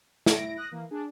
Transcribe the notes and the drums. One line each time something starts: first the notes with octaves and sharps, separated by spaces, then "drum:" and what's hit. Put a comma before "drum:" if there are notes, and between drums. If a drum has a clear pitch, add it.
E4 A#6 D7, drum: snare
D#6 F#6 A#6
E3 A#3
D4 G#4